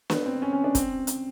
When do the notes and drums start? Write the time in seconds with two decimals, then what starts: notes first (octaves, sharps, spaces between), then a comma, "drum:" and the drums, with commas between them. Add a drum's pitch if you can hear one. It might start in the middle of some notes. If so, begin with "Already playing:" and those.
0.10 B3, drum: snare
0.26 C4
0.42 C#4
0.53 C#4
0.64 D4
0.75 C4, drum: kick, hi-hat
1.07 drum: hi-hat